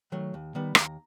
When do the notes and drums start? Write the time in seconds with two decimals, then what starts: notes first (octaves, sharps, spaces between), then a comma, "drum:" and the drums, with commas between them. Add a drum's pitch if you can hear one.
0.12 D#3 F#3 A3
0.34 D#2
0.55 D#3 G3 B3
0.75 D#2 A#5, drum: rim click